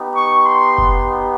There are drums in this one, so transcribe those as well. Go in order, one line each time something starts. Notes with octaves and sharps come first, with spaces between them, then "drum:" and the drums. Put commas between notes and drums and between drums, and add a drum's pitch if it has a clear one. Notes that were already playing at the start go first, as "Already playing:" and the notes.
Already playing: B3 D#4 G4
C#6
C6
drum: kick F#1